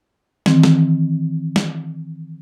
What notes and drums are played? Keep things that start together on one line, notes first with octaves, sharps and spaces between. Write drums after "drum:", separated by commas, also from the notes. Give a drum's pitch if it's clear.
D#3 E3 C4, drum: snare
drum: snare
drum: snare